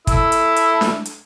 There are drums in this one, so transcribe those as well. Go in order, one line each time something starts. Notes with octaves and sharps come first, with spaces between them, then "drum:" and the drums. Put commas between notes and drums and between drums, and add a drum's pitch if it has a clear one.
E4 A4 E6, drum: kick, hi-hat
drum: hi-hat
drum: hi-hat
drum: snare D4
drum: hi-hat